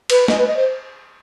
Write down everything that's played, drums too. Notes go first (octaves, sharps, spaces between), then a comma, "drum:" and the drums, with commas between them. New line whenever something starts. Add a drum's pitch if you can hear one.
B4, drum: cymbal
D#5, drum: snare
B4
D#5
C5